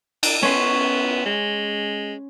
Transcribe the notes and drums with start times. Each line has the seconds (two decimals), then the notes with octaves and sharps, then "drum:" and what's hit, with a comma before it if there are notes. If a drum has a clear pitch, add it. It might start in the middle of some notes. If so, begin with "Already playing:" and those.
0.23 D4, drum: cymbal
0.42 B3 C#4 C6
1.26 G#3